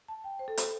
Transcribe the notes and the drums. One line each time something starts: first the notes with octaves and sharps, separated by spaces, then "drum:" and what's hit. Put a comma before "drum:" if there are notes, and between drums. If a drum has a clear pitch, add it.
A5
G5
C5
A4
C5, drum: hi-hat